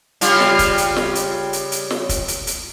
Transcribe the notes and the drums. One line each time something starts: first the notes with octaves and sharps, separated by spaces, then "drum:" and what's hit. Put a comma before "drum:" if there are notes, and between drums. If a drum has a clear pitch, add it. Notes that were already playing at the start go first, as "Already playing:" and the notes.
C#3 G3 F4, drum: hi-hat
drum: snare
drum: kick, hi-hat
drum: hi-hat
drum: snare
drum: hi-hat
drum: hi-hat
drum: hi-hat
drum: snare
drum: kick, hi-hat
drum: hi-hat
drum: hi-hat